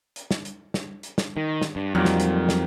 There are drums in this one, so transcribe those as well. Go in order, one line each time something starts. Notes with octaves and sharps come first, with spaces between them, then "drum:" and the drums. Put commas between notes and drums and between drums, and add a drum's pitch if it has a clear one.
drum: hi-hat
drum: snare
drum: hi-hat
drum: snare
drum: hi-hat
drum: snare
D#3
drum: snare
G2
F2 A#2 D#3 F#3 G3
drum: snare
drum: hi-hat
drum: snare